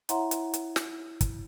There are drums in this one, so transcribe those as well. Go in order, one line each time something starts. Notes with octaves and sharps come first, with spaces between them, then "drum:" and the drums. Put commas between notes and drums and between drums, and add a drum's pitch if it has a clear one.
E4 C#5 E5 F#5 A#5 C6, drum: hi-hat
drum: hi-hat
drum: hi-hat
drum: snare
drum: kick, hi-hat